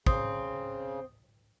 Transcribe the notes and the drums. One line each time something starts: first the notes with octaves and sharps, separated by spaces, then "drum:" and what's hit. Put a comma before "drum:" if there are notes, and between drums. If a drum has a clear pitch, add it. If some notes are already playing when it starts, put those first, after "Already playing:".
C#3 C4 D#6, drum: kick